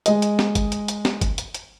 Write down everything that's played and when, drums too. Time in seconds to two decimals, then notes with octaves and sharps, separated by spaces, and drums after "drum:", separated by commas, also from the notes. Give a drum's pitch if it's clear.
0.06 G#3 D#5, drum: hi-hat
0.22 drum: hi-hat
0.39 drum: snare
0.55 drum: kick G1, hi-hat
0.72 drum: hi-hat
0.88 drum: hi-hat
1.05 drum: snare
1.21 drum: kick G1, hi-hat
1.38 drum: hi-hat
1.54 drum: hi-hat